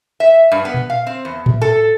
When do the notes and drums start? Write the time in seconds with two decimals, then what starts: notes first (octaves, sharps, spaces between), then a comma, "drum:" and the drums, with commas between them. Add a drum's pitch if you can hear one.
0.20 E5
0.52 G2
0.65 B3
0.74 drum: tom A#2
0.90 F5
1.07 C4
1.25 E2
1.46 drum: tom A2
1.62 A4